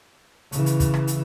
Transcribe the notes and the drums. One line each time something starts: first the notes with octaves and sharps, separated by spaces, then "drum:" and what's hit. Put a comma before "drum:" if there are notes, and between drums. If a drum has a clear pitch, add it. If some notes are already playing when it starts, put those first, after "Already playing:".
C#3 E3, drum: hi-hat
drum: hi-hat
drum: kick, hi-hat
drum: rim click
drum: hi-hat